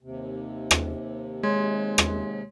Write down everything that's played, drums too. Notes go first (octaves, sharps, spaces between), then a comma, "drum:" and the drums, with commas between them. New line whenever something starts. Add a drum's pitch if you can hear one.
D#2 C3
drum: rim click
G#3 C#5 C6 G#6
drum: rim click